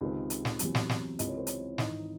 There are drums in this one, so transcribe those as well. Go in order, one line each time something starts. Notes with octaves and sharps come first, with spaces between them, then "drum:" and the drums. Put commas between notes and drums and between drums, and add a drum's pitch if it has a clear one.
C#2 C3 D#3 G#3 C4
drum: hi-hat
drum: snare
E2 C3 F#3, drum: hi-hat
drum: snare
drum: snare
C#2 C3 E3 D#5, drum: hi-hat
C#5
C5
C#5, drum: hi-hat
G#1 G#2 E3 D#4 D#5, drum: snare